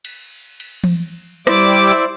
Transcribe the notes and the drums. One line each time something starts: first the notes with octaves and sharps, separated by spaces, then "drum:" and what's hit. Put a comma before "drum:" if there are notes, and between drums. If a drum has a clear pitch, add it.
drum: cymbal
drum: cymbal
drum: tom E3
G3 E4 C5 D5 E5 D6, drum: rim click